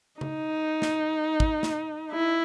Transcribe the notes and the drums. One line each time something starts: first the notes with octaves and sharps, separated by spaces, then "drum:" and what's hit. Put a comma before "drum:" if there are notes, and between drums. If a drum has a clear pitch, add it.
D#4, drum: tom C#3
drum: snare
drum: kick
drum: snare
E4